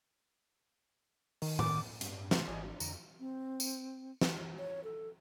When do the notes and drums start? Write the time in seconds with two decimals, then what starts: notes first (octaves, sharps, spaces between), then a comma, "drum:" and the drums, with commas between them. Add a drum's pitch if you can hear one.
1.42 D#3, drum: open hi-hat
1.59 D6, drum: tom A2
2.01 G2, drum: hi-hat
2.31 A2 C#3 A3, drum: snare
2.48 G#1 D5 D#5 G#5
2.64 D4
2.80 F2 D3 A#5, drum: tambourine
3.20 C4
3.60 drum: tambourine
4.21 drum: snare
4.58 C#5
4.84 A4